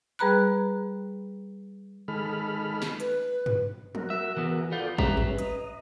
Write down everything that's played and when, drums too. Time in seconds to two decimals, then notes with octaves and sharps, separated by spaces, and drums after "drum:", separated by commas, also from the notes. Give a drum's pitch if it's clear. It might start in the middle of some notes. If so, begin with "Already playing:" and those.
0.19 G3 G#4 B4 A#5 B5 F#6
2.08 D#3 G#3 A4 B5 F6
2.82 drum: snare
3.00 B4, drum: hi-hat
3.46 drum: tom G2
3.95 F#4 A#4, drum: tom F3
4.10 E5
4.37 E3 B3
4.72 B3 F4 A4 D5 G6
4.98 G3 G#3 C#4 B4 E5 A#5, drum: kick
5.17 drum: tom G2
5.38 D#5, drum: hi-hat